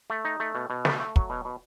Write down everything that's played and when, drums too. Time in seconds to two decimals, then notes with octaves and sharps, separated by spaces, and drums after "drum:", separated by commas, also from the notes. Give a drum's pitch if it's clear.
0.10 A3
0.25 D#4
0.40 A3
0.55 B2
0.70 B2
0.85 A3, drum: snare
1.00 A3
1.16 F#3, drum: kick
1.30 B2
1.45 B2